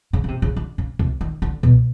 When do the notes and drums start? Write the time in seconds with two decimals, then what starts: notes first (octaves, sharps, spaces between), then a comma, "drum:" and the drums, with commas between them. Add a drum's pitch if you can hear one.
0.13 C#3
0.24 C#3
0.28 C3
0.42 C#3
0.56 D3
0.78 C#3
0.99 C3, drum: kick C2
1.21 D#3
1.42 D3
1.63 B2, drum: kick C2